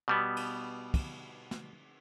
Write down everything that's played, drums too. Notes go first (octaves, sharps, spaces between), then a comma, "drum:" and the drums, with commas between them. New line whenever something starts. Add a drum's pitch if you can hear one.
B2 G3 B3
drum: cymbal
drum: kick, cymbal
drum: snare